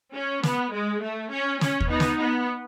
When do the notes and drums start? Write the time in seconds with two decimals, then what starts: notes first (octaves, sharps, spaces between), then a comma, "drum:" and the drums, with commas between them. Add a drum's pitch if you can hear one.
0.14 C#4
0.43 B3, drum: snare
0.73 G#3
1.02 A3
1.31 C#4
1.61 C#4, drum: snare
1.80 drum: kick D#2
1.90 B3 D#4
2.00 drum: snare
2.19 B3